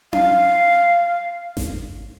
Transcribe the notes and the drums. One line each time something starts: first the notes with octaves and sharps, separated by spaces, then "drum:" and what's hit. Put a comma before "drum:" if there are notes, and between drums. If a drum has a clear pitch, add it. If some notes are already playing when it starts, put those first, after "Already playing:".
F5, drum: tom C#4
drum: snare G#1